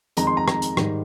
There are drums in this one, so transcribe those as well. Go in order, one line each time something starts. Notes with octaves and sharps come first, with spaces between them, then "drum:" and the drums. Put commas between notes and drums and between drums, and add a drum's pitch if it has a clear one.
F2 D#3 G#3 A#5, drum: hi-hat
C6
A#5
A#5, drum: rim click
drum: hi-hat
G#2 D#3 G3, drum: rim click